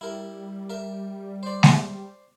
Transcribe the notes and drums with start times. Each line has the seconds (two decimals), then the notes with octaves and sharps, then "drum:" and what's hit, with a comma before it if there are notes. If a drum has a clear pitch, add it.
0.01 G3 E4 A#4
0.70 A#4 E5
1.43 C5 D5
1.63 drum: snare G#3